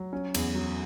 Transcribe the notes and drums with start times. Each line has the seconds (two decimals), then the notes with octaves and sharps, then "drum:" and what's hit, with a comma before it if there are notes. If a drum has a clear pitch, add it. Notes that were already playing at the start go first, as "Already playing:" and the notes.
Already playing: F#3
0.13 C#4
0.34 E2, drum: cymbal
0.55 F#3